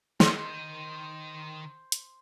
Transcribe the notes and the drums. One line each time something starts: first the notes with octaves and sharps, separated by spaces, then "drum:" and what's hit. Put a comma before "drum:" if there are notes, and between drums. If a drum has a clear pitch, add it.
D#3 C5 D#5, drum: snare
drum: hi-hat